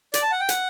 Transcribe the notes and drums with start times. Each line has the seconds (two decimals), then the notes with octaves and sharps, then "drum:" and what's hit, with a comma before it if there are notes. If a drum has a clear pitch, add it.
0.14 D5, drum: hi-hat
0.22 A5
0.32 F#5
0.40 G5
0.49 F#5, drum: hi-hat